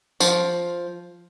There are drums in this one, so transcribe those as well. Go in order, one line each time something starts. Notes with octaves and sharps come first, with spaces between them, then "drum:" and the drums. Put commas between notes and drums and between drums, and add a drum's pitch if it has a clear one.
F3, drum: tambourine